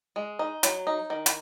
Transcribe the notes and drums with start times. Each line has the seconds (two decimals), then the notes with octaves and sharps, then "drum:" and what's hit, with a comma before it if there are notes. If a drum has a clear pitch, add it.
0.16 G#3
0.39 D#4
0.63 F#3, drum: hi-hat
0.87 D#4
1.10 D#3
1.26 drum: hi-hat